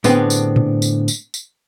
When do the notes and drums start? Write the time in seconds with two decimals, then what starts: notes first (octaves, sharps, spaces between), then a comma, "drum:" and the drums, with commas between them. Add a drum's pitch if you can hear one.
0.04 A2 D3 B3 C4 D4 G#4, drum: tambourine
0.30 drum: tambourine
0.56 drum: tom A2
0.82 drum: tambourine
1.08 drum: tambourine
1.34 drum: tambourine